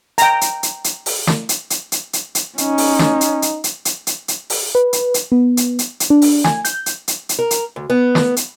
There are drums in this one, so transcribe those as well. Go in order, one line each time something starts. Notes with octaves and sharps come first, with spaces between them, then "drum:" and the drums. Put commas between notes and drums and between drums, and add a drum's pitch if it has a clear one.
G5 A#5, drum: hi-hat
drum: hi-hat
drum: hi-hat
drum: hi-hat
drum: open hi-hat
drum: snare
drum: hi-hat
drum: hi-hat
drum: hi-hat
drum: hi-hat
drum: hi-hat
C#4 D#4, drum: hi-hat
drum: open hi-hat
drum: snare
drum: hi-hat
drum: hi-hat
drum: hi-hat
drum: hi-hat
drum: hi-hat
drum: hi-hat
drum: open hi-hat
B4
drum: hi-hat
drum: hi-hat
B3
drum: hi-hat
drum: hi-hat
drum: hi-hat
D4
drum: open hi-hat
G#5, drum: snare
G6, drum: hi-hat
drum: hi-hat
drum: hi-hat
drum: hi-hat
A#4
drum: hi-hat
D2
B3
drum: snare
drum: hi-hat